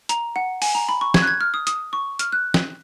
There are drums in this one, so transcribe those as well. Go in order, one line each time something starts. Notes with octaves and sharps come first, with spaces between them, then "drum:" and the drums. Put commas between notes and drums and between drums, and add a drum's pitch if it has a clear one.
A#5, drum: hi-hat
F#5
G#5, drum: open hi-hat
A#5
B5
C#6
G#6, drum: snare
F#6
G#6
F6
D#6
D#6, drum: hi-hat
C#6
F6, drum: hi-hat
F#6
drum: snare